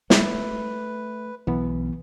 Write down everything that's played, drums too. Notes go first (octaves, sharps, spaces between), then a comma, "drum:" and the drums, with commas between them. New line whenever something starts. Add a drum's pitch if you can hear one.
A3 B4 E5, drum: snare
B1 E3 B3